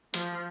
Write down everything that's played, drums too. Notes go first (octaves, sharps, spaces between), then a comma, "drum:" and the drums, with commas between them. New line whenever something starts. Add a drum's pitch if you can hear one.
F3, drum: hi-hat